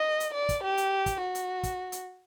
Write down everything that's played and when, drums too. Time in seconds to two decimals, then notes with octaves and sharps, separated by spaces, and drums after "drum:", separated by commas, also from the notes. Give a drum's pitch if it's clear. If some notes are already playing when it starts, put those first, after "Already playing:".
Already playing: D#5
0.20 drum: hi-hat
0.34 D5
0.49 drum: kick, hi-hat
0.63 G4
0.77 drum: hi-hat
1.06 drum: kick, hi-hat
1.20 F#4
1.35 drum: hi-hat
1.63 drum: kick, hi-hat
1.92 drum: hi-hat